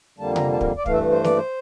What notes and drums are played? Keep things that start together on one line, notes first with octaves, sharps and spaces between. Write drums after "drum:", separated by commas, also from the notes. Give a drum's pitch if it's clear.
F2 D3 G3 A#3 A5
A#5, drum: tom C3
A5
A#4, drum: kick
D5
G2 E3 A3 F5, drum: kick
E5
C5
D5, drum: snare
C5